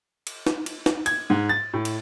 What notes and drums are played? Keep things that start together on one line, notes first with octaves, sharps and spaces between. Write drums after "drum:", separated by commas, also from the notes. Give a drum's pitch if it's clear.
drum: cymbal
drum: snare
drum: cymbal
drum: snare
G#6, drum: cymbal
G#2
A6
A2
drum: cymbal